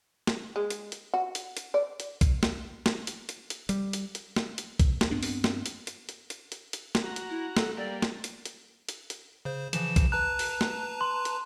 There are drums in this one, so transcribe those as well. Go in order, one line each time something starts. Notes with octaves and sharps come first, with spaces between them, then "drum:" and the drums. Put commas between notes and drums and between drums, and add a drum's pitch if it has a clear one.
drum: snare
G#3
drum: hi-hat
drum: hi-hat
F#4
drum: hi-hat
drum: hi-hat
D5
drum: hi-hat
drum: kick B1, hi-hat
drum: snare
drum: snare
drum: hi-hat
drum: hi-hat
drum: hi-hat
G3, drum: hi-hat
drum: hi-hat
drum: hi-hat
drum: snare
drum: hi-hat
drum: kick B1, hi-hat
drum: snare
G2 B3 C4 D4
drum: open hi-hat
drum: snare
drum: hi-hat
drum: hi-hat
drum: hi-hat
drum: hi-hat
drum: hi-hat
drum: hi-hat
drum: snare
F#4 A#5
drum: hi-hat
E4
A4, drum: snare
G3 A#3 D5
drum: snare
drum: hi-hat
drum: hi-hat
drum: hi-hat
drum: hi-hat
C#3 C5
C#3 E3 F3 E7, drum: hi-hat
drum: kick B1, hi-hat
B4 A5 A#5 F#6
drum: open hi-hat
drum: snare
C6
drum: hi-hat